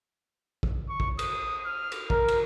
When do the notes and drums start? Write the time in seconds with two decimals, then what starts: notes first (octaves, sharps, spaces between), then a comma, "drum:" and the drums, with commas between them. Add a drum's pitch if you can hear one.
0.63 drum: kick
0.89 C#6
1.00 drum: kick
1.19 D#6, drum: cymbal
1.66 F6
1.92 drum: cymbal
2.10 A#4, drum: kick
2.28 drum: cymbal